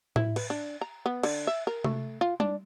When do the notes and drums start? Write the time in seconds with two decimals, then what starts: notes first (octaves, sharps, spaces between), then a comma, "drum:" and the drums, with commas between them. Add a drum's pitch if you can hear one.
0.16 E4, drum: tom A2
0.36 B4, drum: cymbal
0.50 D4
0.81 A#5
1.06 B3
1.23 D3, drum: cymbal
1.47 E5
1.67 A#4
1.84 A3, drum: tom C3
2.21 F4
2.40 D4, drum: tom G3